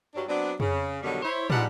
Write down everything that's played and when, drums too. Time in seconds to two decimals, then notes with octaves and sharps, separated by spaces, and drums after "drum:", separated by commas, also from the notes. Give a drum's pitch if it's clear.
0.15 G2 F#3 D4
0.28 F#3 B3 C4 D4
0.60 C#3, drum: tom F2
1.02 B2 D3 D#3 F#3 G3
1.23 E4 C5 C#5
1.50 G#2 F3 G3 B3 D4 F#5, drum: tom